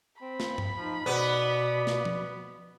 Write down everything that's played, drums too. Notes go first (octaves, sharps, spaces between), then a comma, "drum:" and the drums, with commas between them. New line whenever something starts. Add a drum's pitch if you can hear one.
C4 B5
drum: snare
drum: tom G2
F3 D#4
B2 B3 B4 D5
drum: snare
drum: tom F3